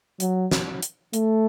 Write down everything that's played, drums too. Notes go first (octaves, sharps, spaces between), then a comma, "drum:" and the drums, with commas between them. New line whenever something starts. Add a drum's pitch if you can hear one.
F#3, drum: hi-hat
drum: snare
drum: hi-hat
A3, drum: hi-hat